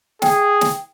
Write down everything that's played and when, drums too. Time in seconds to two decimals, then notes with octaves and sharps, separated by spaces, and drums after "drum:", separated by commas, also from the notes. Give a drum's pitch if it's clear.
0.22 G#4 G5, drum: snare
0.61 drum: snare